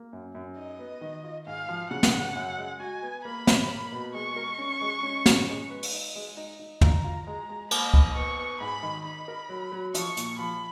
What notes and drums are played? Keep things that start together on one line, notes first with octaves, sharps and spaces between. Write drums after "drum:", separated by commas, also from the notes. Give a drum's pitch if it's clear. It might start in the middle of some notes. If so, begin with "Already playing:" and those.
Already playing: A#3
F#2
F#2
D#4 D#5
B3
D#3
F4
G#2 F5
F3
C#3 F#5
drum: snare
C#3
F#2
G#3
F#4 G#5
B3
A#3 B5
C#5, drum: snare
A#3
B2
G#3 C#6
A#4
C#4
G#3
C#4
C#4, drum: snare
G#3
B4
drum: open hi-hat
D#4
G#3
D#4
D#4
F4 A#5, drum: tom
F4
G#3 A#5
G#3
A#3 B5, drum: cymbal
D#4, drum: kick C#2
B3 C#6
B3
G#2 B5
D#3
D#4 B5
A#4
F#3
F#3
F3 C#6, drum: hi-hat
A#2, drum: hi-hat
F3 B5